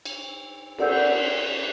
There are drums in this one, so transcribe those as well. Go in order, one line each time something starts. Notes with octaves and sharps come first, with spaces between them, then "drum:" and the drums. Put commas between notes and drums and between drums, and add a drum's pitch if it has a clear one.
drum: cymbal
A4 A#4 D5 F#5 E6 G6, drum: cymbal